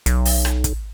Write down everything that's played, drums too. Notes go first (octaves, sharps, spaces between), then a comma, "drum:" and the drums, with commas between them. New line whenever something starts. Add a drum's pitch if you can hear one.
B1, drum: hi-hat
drum: open hi-hat
drum: rim click
drum: kick, hi-hat